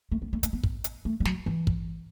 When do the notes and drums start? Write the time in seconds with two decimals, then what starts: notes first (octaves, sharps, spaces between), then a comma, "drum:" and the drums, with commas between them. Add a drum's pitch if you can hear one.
0.12 A3
0.22 B3
0.33 A3
0.43 A3, drum: hi-hat
0.53 B3
0.63 drum: kick
0.84 drum: hi-hat
1.05 A3
1.20 G#3
1.25 F#3, drum: snare
1.46 E3
1.67 drum: kick